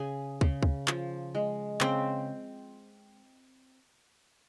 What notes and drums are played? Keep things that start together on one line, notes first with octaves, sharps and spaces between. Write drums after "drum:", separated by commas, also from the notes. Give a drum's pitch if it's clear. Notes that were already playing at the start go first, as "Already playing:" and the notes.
Already playing: C#3 G#4 G#5
C#3, drum: kick
drum: kick
F3, drum: clap
G#3
C#3 C4 C5, drum: clap